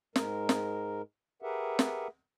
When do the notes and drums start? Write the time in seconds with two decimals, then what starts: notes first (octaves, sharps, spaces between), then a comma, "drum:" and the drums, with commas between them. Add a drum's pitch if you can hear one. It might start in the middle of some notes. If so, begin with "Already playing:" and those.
0.16 G#2 G#3 A#4, drum: snare
0.49 drum: snare
1.42 G4 G#4 A#4 B4 E5 F#5
1.79 drum: snare